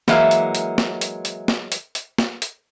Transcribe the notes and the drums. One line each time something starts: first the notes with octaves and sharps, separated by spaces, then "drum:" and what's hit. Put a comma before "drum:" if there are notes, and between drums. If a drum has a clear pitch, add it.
E3 F#3 G#3 A#3 E5, drum: snare
drum: hi-hat
drum: hi-hat
drum: snare
drum: hi-hat
drum: hi-hat
drum: snare
drum: hi-hat
drum: hi-hat
drum: snare
drum: hi-hat